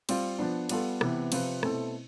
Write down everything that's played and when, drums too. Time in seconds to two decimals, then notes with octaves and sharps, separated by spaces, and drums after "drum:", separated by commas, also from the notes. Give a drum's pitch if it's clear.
0.09 G3 C4 F4, drum: cymbal
0.39 F3 B3 D4
0.69 G3 B3 F4 A4, drum: cymbal
1.01 C3 E3 B3, drum: rim click
1.32 C3 F3 C4 F4 B4, drum: cymbal
1.63 B2 A3 C4 E4 A4, drum: rim click